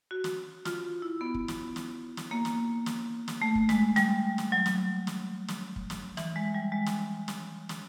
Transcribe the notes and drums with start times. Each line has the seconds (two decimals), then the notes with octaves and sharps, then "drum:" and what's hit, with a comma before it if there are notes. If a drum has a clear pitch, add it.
0.11 F#4
0.24 drum: snare
0.65 F4, drum: snare
1.02 E4
1.21 B3
1.34 drum: kick
1.48 drum: snare
1.76 drum: snare
2.17 drum: snare
2.31 A#3
2.45 drum: snare
2.86 drum: snare
3.28 drum: snare
3.42 A3
3.55 drum: kick
3.69 G#3, drum: snare
3.96 G3, drum: snare
4.38 drum: snare
4.52 F#3
4.66 drum: snare
5.07 drum: snare
5.48 drum: snare
5.76 drum: kick
5.90 drum: snare
6.17 E3, drum: snare
6.36 G#3
6.54 G3
6.72 G#3
6.86 drum: snare
7.28 drum: snare
7.69 drum: snare